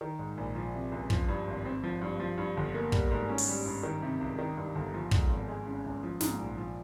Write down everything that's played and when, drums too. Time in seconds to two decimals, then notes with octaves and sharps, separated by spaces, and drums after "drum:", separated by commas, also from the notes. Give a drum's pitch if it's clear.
0.01 D#3
0.19 G#2
0.37 A#1
0.55 F3
0.74 C3
0.92 C#2
1.10 F3, drum: kick
1.28 G2
1.47 G#1
1.65 C4
1.84 F3
2.01 G2
2.20 F3
2.38 G2
2.57 G1
2.74 A#3
2.92 G3, drum: kick
3.11 G#2
3.29 C#4
3.38 drum: open hi-hat
3.48 G3
3.65 G2
3.83 D#3
4.02 C3
4.21 C#2
4.39 D#3
4.57 G2
4.75 G1
4.94 F3
5.11 G#2, drum: kick
5.29 G#1
5.48 G#3
5.66 C#3
5.84 C#2
6.03 F3
6.20 G#2, drum: snare
6.39 A#1
6.57 F3